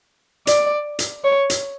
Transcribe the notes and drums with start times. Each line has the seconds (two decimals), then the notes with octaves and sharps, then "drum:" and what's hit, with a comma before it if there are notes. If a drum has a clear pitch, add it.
0.47 D5, drum: hi-hat
0.99 drum: hi-hat
1.24 C#5
1.50 drum: hi-hat